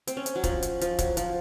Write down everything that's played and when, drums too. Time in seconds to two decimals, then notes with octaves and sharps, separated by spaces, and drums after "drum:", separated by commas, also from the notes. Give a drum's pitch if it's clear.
0.07 C4, drum: hi-hat
0.17 C#4
0.26 drum: hi-hat
0.36 F#3
0.44 F3, drum: kick, hi-hat
0.62 drum: hi-hat
0.81 F3, drum: hi-hat
0.99 F#3, drum: kick, hi-hat
1.17 F3, drum: hi-hat